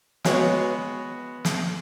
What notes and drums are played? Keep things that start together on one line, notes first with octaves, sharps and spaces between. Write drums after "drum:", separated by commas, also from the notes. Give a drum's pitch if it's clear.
G#3 B3 F#4 C#5, drum: snare
drum: snare